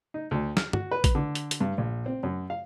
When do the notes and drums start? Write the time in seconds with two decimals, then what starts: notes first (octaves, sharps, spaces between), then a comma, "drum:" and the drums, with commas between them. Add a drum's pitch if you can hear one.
0.14 D#4
0.31 D2
0.57 F6, drum: snare
0.73 F#4, drum: tom
0.91 B4
1.04 drum: kick A1, hi-hat
1.15 D3
1.35 drum: hi-hat
1.51 drum: hi-hat
1.60 G2
1.78 A#1
2.06 C4
2.23 F#2
2.50 F5